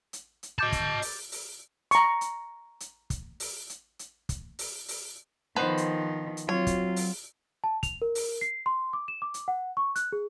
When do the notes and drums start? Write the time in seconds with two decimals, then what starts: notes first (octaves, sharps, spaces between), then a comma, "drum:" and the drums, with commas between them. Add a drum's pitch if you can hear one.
0.13 drum: hi-hat
0.43 drum: hi-hat
0.59 D#5 A5 D6 G6 A6
0.72 drum: kick, hi-hat
1.02 drum: open hi-hat
1.32 drum: open hi-hat
1.91 A#5 C#6, drum: hi-hat
2.21 drum: hi-hat
2.80 drum: hi-hat
3.10 drum: kick, hi-hat
3.40 drum: open hi-hat
3.70 drum: hi-hat
3.99 drum: hi-hat
4.29 drum: kick, hi-hat
4.59 drum: open hi-hat
4.88 drum: open hi-hat
5.56 D#3 F3 B3 B4 C5
5.78 drum: hi-hat
6.37 drum: hi-hat
6.49 F#3 C4 F4 C#5
6.67 drum: kick, hi-hat
6.96 drum: open hi-hat
7.64 A5
7.83 F7, drum: kick, hi-hat
8.02 A#4
8.15 drum: open hi-hat
8.41 C7
8.66 C6
8.93 D6
9.08 E7
9.22 D6
9.34 drum: hi-hat
9.48 F#5
9.77 C#6
9.96 F#6, drum: hi-hat
10.12 G#4